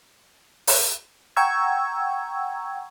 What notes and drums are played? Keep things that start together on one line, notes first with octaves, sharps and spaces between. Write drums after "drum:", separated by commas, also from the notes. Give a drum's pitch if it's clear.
drum: open hi-hat
F#5 G5 A#5 C#6 E6 G#6